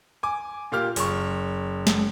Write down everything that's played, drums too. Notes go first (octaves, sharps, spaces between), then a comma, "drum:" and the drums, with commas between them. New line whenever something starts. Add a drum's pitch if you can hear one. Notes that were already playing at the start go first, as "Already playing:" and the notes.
G#5 D6
A#2 A#3 F4 G4 F6
F#1 C#6, drum: open hi-hat
drum: snare